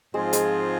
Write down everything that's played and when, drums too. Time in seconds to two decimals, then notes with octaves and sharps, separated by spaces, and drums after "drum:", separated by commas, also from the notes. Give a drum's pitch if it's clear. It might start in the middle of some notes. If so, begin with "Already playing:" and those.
0.14 G#2 F3 G#3 C4 F4 G#4
0.33 G#3, drum: hi-hat